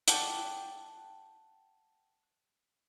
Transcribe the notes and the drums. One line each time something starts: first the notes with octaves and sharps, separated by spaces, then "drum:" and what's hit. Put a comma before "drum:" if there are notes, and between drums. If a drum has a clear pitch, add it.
F#5 G5 A5 D6, drum: hi-hat